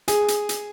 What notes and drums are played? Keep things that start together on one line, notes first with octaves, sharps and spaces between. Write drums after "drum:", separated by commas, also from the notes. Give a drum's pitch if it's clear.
G#4, drum: hi-hat
drum: hi-hat
drum: hi-hat